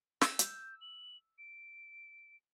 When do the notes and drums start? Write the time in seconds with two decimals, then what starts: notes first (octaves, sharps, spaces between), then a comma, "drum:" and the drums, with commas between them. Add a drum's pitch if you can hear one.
0.21 E6, drum: snare
0.39 G6, drum: hi-hat
0.81 F#7
1.38 D7